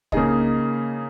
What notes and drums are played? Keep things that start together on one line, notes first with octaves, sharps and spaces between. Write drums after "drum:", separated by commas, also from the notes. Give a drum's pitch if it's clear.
C#3 A#3 D#4 G#4 D#5, drum: kick